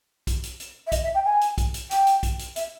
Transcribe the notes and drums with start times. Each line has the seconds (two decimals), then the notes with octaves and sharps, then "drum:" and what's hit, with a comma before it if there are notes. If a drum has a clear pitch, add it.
0.27 drum: kick, hi-hat
0.43 drum: hi-hat
0.60 drum: hi-hat
0.87 E5
0.92 D#5, drum: kick, hi-hat
1.04 E5
1.14 G5
1.25 G#5
1.41 drum: hi-hat
1.58 drum: kick, hi-hat
1.74 drum: hi-hat
1.91 G5, drum: hi-hat
2.07 drum: hi-hat
2.23 drum: kick, hi-hat
2.39 drum: hi-hat
2.56 E5, drum: hi-hat